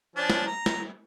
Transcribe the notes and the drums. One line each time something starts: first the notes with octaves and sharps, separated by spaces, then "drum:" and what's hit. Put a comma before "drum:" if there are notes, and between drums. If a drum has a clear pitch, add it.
F3 C#4 D4
drum: snare
A#5
drum: snare